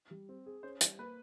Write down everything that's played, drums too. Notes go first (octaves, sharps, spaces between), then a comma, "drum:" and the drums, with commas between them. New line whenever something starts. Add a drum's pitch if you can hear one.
G3
C4
G#4
C#4 C5
G3, drum: hi-hat
A#3 B4